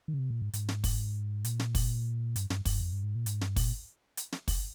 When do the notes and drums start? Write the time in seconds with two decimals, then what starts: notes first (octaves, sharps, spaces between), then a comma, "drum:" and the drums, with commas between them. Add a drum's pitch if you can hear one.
0.08 D#3
0.14 C#3
0.19 C3
0.30 A#2
0.42 G#2
0.53 G#2, drum: hi-hat
0.69 drum: snare
0.84 drum: kick, open hi-hat
1.44 A#2, drum: hi-hat
1.59 drum: snare
1.75 drum: kick, open hi-hat
2.36 G2, drum: hi-hat
2.50 G2, drum: snare
2.65 G2, drum: kick, open hi-hat
2.81 F2
2.92 G2
3.03 G#2
3.15 A#2
3.26 G#2, drum: hi-hat
3.41 G2, drum: snare
3.56 A#2, drum: kick, open hi-hat
4.17 drum: hi-hat
4.32 drum: snare
4.48 drum: kick, open hi-hat